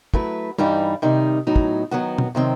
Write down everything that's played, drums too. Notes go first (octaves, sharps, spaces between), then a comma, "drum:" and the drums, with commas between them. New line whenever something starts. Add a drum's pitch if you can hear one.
F#3 A3 E4 B4, drum: kick
G2 E3 G3 D#4 G4, drum: tom
C3 D#3 G3 D#4
A2 F#3 B3 D#4
drum: kick
D#3 F#3 B3 F#4
drum: tom
C3 D#3 F#3 C4